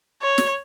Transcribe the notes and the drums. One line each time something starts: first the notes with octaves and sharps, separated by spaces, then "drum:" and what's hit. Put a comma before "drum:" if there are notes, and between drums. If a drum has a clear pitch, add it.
C#5
drum: snare